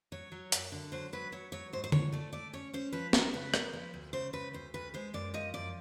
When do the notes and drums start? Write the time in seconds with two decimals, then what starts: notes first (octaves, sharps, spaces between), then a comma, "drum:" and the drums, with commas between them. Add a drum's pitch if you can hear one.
0.12 F#3 C#5
0.32 F#3
0.52 F#2, drum: hi-hat
0.72 D3
0.92 F#3 C5
1.13 F#3 B4
1.32 F#3 C#5
1.52 F#3 C#5
1.73 G#2 C5
1.84 C5
1.92 G#2 C#5, drum: tom D3
2.12 A3 D5
2.33 A3 D5
2.53 C#4 C#5
2.73 C#4 C5
2.93 F3 B4
3.13 C#4 A#4, drum: snare
3.33 C#3 B4
3.54 A#3, drum: rim click
3.73 F3
3.94 D2
4.13 C#3 C5
4.33 C#3 B4
4.53 D2 C5
4.74 D2 B4
4.94 G#3 C5
5.14 F#2 D5
5.34 F3 D#5
5.54 F#2 D5